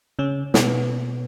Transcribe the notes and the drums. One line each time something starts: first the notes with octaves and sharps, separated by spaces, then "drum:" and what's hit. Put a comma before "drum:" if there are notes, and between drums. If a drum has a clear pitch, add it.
C#3 C#4
B2 B3, drum: snare